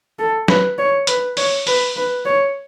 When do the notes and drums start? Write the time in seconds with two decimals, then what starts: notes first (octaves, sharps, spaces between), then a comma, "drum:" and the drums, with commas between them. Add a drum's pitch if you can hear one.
0.19 A4
0.48 B4, drum: snare
0.78 C#5
1.07 B4, drum: hi-hat
1.37 C#5, drum: open hi-hat
1.67 B4, drum: open hi-hat
1.96 B4
2.25 C#5